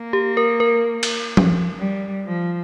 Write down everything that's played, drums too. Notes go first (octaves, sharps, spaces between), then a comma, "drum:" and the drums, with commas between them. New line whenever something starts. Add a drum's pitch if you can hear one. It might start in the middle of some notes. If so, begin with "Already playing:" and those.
Already playing: A#3
G4
A#4
A#4
drum: cymbal
drum: tom F3
G3
F3